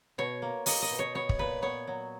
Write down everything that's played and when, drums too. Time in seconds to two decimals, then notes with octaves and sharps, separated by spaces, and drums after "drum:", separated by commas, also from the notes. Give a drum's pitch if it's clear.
0.18 B2 C#5
0.42 A#3
0.66 A#3 D#5, drum: open hi-hat
0.82 D#5
0.91 B2
0.99 C#5
1.15 B3 C#5
1.29 drum: kick
1.39 A#2 B4
1.62 B3 C#5
1.87 F#3